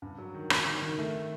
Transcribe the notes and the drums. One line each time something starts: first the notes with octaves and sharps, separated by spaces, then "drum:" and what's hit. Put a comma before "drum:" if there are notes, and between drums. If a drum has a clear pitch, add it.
G2
F#3
D#3
G2, drum: rim click
D#3
D#3
A3